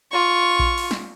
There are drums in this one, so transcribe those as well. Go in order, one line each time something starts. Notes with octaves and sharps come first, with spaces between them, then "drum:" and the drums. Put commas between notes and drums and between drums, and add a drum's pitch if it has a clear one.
F4 C#6
drum: kick A#1
drum: open hi-hat
drum: snare